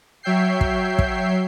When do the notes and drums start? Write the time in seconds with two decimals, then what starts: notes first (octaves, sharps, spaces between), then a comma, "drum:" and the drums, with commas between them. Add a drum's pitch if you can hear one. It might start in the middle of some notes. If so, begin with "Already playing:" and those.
0.23 F#3 C#5 E5 G5 G6 C7
0.61 drum: kick
0.99 drum: kick